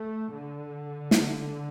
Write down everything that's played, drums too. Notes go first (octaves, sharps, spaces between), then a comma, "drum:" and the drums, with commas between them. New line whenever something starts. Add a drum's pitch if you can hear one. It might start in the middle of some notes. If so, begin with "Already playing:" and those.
Already playing: A3
D3
drum: snare